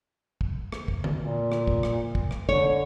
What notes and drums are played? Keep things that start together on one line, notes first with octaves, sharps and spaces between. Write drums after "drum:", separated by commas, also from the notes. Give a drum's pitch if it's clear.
drum: kick
drum: rim click
drum: kick
drum: tom D3
A#2
drum: rim click
drum: kick
drum: rim click
drum: kick
drum: rim click
D3 C#5, drum: kick